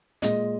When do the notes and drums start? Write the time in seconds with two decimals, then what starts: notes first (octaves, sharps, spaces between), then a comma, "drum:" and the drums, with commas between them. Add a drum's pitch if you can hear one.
0.22 A#2 G#3 D#5, drum: hi-hat